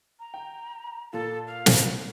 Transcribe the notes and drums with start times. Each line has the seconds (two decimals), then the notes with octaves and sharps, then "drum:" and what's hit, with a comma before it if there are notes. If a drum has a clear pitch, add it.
0.20 A#5
0.34 G5
1.13 A#2 F4 A4
1.47 F5
1.66 drum: snare